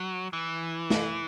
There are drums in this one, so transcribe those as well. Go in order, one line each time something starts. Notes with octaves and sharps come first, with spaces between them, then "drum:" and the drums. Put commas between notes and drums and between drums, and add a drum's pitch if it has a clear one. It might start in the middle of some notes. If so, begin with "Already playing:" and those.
Already playing: F#3
E3
drum: snare